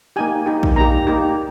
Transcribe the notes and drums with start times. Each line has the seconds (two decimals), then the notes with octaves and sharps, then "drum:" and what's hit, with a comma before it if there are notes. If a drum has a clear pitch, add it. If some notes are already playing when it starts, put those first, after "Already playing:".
0.16 A#3 D#4 G4 G#5
0.46 A#3 D#4 G4
0.63 drum: kick A#1
0.76 A#3 D#4 G4 A#5
1.07 A#3 D#4 G4